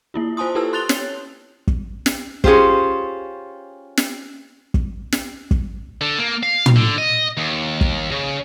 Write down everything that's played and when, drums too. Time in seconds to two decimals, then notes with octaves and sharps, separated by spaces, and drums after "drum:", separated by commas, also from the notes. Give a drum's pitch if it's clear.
0.14 A#3 E4 F4
0.37 F4 C5 G#5 A5 C6 D#6
0.55 E4 G4 A4 B4 A5 E6
0.73 C6 F#6 A6 F7 G7
0.89 C#5, drum: snare
1.67 drum: kick
2.06 drum: snare
2.44 C#4 F4 G4 G#4 C5, drum: kick
3.97 drum: snare
4.74 drum: kick
5.12 drum: snare
5.51 drum: kick
6.01 D3
6.19 A#3
6.43 F5
6.66 drum: tom
6.76 D3
6.98 D#5
7.37 D#2
7.81 drum: kick
8.11 C#3